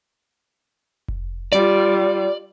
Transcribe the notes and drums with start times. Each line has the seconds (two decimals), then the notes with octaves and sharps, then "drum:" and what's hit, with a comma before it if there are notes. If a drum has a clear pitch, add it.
1.08 drum: kick F1
1.52 G3 F4 D5, drum: hi-hat